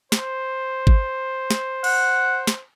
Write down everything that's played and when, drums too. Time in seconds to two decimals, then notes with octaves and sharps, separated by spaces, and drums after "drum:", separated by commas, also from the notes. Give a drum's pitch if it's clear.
0.12 C5, drum: snare
0.87 drum: kick G#1
1.50 drum: snare
1.84 F#5, drum: cymbal
2.47 drum: snare